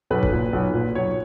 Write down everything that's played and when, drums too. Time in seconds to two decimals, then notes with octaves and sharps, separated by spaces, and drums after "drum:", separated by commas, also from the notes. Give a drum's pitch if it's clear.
0.10 B1 B4
0.23 drum: kick
0.32 A#2
0.53 B1
0.74 A#2
0.95 B1 C#5